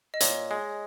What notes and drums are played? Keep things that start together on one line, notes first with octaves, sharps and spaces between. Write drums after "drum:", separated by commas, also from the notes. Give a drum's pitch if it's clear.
D#5
A#2 C#5, drum: hi-hat
G#3